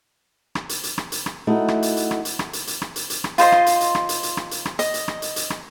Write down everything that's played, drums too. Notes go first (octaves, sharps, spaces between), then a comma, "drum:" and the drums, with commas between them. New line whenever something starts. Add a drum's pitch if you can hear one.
drum: rim click
drum: hi-hat
drum: hi-hat
drum: rim click
drum: hi-hat
drum: rim click
A3 D#4 E4 F#4
drum: rim click
drum: hi-hat
drum: hi-hat
drum: rim click
drum: hi-hat
drum: rim click
drum: hi-hat
drum: hi-hat
drum: rim click
drum: hi-hat
drum: hi-hat
drum: rim click
F4 C5 D#5 C6, drum: hi-hat
drum: rim click
drum: hi-hat
drum: hi-hat
drum: rim click
drum: hi-hat
drum: hi-hat
drum: rim click
drum: hi-hat
drum: rim click
D#5, drum: hi-hat
drum: hi-hat
drum: rim click
drum: hi-hat
drum: hi-hat
drum: rim click